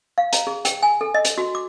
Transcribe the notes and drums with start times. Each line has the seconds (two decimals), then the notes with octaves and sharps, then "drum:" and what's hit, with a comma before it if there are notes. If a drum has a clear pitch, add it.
0.18 F5
0.33 A#5, drum: hi-hat
0.47 G#4
0.65 G5, drum: hi-hat
0.83 G#5
1.01 A4
1.14 D#5
1.25 drum: hi-hat
1.38 F#4
1.55 D6